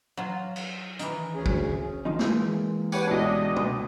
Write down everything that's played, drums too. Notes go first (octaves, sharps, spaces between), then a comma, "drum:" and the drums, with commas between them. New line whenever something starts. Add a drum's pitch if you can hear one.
F#3 F4
drum: cymbal
D#3 E3, drum: hi-hat
D2 C#4 G#4
drum: kick
D#3 F3 D#4
E3 G#3 A#3, drum: snare
G4 B4 C#5 F#5 G#5 D6, drum: tambourine
C#2 B2 D4 E4 D#5
drum: tom